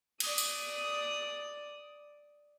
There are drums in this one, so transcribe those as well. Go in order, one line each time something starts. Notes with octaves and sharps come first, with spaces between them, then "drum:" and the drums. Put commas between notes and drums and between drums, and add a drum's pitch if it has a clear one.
D5 D#6, drum: cymbal
drum: tambourine